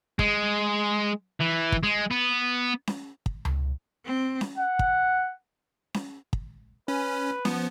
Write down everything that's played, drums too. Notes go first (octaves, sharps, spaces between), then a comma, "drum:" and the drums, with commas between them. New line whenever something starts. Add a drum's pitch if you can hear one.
G#3, drum: kick
E3
drum: kick
G#3
B3
drum: snare C#4
drum: kick
drum: tom C#2
C4
drum: snare C#4
F#5
drum: kick
drum: snare C#4
drum: kick
C#4 B4
F3 B3, drum: snare C#4